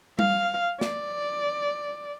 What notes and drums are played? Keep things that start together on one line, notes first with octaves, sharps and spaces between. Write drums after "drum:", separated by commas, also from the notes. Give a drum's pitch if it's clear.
F5, drum: tom G3
D5, drum: snare